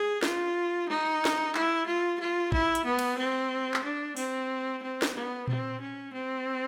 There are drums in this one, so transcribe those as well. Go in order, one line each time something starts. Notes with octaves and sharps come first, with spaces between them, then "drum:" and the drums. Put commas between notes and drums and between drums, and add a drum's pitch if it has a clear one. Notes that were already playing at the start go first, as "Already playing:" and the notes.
Already playing: G#4
F4, drum: snare
D#4
drum: snare
E4, drum: clap
F4
F4
E4, drum: kick
drum: hi-hat
B3
drum: cymbal
C4
drum: clap
D4
C4, drum: open hi-hat
C4
drum: snare
B3
C4, drum: tom A#2
C#4
C4